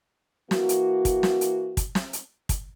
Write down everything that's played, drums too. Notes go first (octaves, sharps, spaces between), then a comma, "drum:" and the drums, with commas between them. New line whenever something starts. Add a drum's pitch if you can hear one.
E3 A#3 F#4, drum: snare
drum: hi-hat
drum: kick, hi-hat
drum: snare
drum: hi-hat
drum: kick, hi-hat
drum: snare
drum: hi-hat
drum: kick, hi-hat